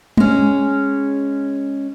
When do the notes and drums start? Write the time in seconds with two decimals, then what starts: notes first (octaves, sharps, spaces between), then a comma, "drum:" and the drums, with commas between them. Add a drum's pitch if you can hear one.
0.17 G#3 C#4, drum: tom G#3